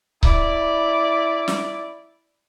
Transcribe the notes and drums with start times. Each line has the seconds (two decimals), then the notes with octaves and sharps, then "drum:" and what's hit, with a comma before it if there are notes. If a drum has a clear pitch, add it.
0.23 E4 D5, drum: kick C#1
1.48 drum: snare